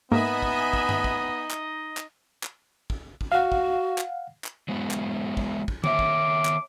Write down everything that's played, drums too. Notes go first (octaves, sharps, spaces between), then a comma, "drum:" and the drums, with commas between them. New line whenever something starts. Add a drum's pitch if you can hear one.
G#2 A#3 B3 D#4 D#5 E5 G#5 B5
drum: kick
drum: kick
drum: tom G2
drum: kick
drum: clap
drum: clap
drum: clap
drum: kick
drum: kick
F#4 F5 F#5
drum: kick
drum: clap
drum: clap
F#3 G#3 B3
drum: clap
drum: kick
drum: kick
D#3 C#5 E5 D6, drum: tom
drum: kick
drum: clap